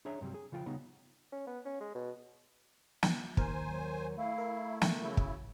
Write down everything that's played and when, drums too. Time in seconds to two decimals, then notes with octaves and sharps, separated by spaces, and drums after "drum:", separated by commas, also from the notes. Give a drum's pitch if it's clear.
0.05 D4 G#4 C#5 E5 A#5
0.21 G2 C3 F#3 G3
0.34 G#4
0.52 C#3 F3 F4 F#5 G5
0.66 C#3 G3 B3 D#4
1.32 C#4
1.47 B3
1.65 C#4
1.81 G#3
1.95 B2
3.03 drum: snare
3.37 D#2 A#4 C5 G#5, drum: kick
3.62 F#3
4.17 A3 E4 F5
4.38 A#4
4.82 drum: snare
5.01 C#3 E4 F#4
5.17 drum: kick